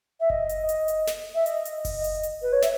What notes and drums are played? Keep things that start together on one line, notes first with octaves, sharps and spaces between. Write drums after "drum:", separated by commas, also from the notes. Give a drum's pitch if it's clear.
E5
D#5, drum: kick F#1
drum: hi-hat
drum: hi-hat
drum: hi-hat
drum: snare
E5
D#5, drum: hi-hat
drum: hi-hat
drum: kick F#1, open hi-hat
drum: hi-hat
drum: hi-hat
B4
C#5
E5, drum: snare